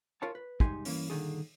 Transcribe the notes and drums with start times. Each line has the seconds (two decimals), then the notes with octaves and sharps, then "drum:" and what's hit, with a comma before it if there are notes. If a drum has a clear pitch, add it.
0.22 F4 A#4 C#5 F5 A5
0.35 B4
0.60 C2 G#3 D#4 G4 G#5 C6, drum: kick
0.85 G2 E3 A#3 C#4, drum: open hi-hat
1.10 G2 A#2 D3 D#3 G#4